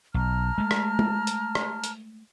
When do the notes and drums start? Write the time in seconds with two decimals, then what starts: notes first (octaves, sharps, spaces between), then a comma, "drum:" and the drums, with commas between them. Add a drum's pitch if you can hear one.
0.14 B1 A5 A#5 F6
0.58 G#3 A3
0.71 drum: rim click
0.99 drum: tom
1.27 drum: hi-hat
1.55 drum: rim click
1.84 drum: hi-hat